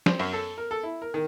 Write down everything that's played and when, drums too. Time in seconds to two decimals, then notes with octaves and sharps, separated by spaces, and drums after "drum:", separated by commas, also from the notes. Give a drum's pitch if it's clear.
0.06 C4, drum: snare
0.19 F#2, drum: open hi-hat
0.33 A4
0.58 A#4
0.71 A4
0.83 E4
1.02 A#4
1.14 D#3